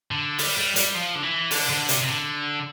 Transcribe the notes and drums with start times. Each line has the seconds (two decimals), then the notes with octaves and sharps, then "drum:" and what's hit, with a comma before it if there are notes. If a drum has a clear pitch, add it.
0.11 D3
0.38 G3, drum: open hi-hat
0.58 G3
0.76 G3, drum: hi-hat
0.95 F3
1.15 D3
1.23 E3
1.51 D3, drum: open hi-hat
1.69 D3
1.89 C3, drum: hi-hat
2.02 C3
2.08 D3